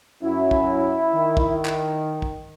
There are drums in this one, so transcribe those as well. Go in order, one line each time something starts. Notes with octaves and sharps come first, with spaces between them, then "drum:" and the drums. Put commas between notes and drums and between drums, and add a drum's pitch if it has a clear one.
F#2 F#3 C#4 E4
drum: kick
D#3
drum: kick
drum: clap
drum: kick